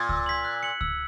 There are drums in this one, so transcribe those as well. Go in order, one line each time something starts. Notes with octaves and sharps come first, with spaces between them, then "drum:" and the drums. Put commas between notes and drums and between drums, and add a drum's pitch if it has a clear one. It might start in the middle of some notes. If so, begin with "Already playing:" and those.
Already playing: A#2
E6, drum: kick C#2
G#6 B6 F#7
F#6
C#7 F#7
E6, drum: kick C#2